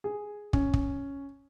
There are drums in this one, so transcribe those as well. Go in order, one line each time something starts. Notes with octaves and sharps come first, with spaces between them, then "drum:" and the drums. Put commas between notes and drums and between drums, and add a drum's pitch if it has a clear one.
G#4
C#4, drum: kick
drum: kick